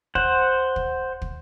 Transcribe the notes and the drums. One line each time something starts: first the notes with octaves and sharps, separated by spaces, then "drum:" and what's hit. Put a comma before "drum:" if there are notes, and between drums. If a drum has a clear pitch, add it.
C5 F#5, drum: kick
drum: kick
drum: kick